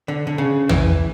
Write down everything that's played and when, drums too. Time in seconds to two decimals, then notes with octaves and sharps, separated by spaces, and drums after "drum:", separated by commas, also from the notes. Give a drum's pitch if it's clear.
0.08 D3
0.27 D3
0.38 C#3
0.69 E3, drum: tom